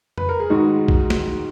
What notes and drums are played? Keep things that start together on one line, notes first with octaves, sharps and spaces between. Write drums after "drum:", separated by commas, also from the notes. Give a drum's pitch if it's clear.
B4, drum: tom F2
A#4
G#4
G#2 D#3 G#3 D#4 F#4
drum: kick B1
drum: snare